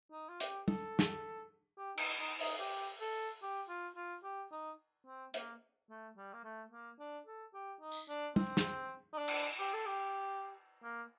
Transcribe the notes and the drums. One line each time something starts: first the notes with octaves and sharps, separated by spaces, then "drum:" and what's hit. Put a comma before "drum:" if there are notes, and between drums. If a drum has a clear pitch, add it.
D#4
F4
G4, drum: hi-hat
A4, drum: tom
drum: snare
G4
D#4, drum: cymbal
D#4
D#4, drum: open hi-hat
G4
A4
G4
F4
F4
G4
D#4
C4
A#3, drum: hi-hat
A3
G3
A#3
A3
A#3
D4
A4
G4
D#4
drum: tambourine
D4
C4, drum: tom
drum: snare
D#4
D4
drum: cymbal
G4
A4
G4
A#3